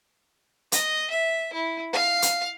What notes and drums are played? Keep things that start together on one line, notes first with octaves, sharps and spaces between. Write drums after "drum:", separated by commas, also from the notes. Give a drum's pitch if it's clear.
D#5, drum: hi-hat
E5
E4
F5
drum: hi-hat